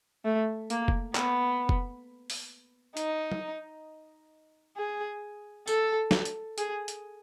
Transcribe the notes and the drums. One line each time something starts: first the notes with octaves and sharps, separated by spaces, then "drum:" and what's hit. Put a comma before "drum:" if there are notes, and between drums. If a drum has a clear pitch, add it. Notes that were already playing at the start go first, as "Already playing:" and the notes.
A3
A#3, drum: hi-hat
drum: kick F1
B3, drum: clap
drum: kick F1
drum: open hi-hat
D#4, drum: hi-hat
drum: tom F#3
G#4
A4, drum: tambourine
drum: snare
drum: hi-hat
G#4, drum: hi-hat
drum: hi-hat